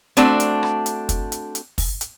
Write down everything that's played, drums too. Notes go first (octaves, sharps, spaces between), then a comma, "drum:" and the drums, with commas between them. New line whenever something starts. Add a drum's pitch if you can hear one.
A3 C4 D4 F#4, drum: hi-hat
drum: hi-hat
drum: rim click
drum: hi-hat
drum: kick, hi-hat
drum: hi-hat
drum: hi-hat
drum: kick, open hi-hat
drum: hi-hat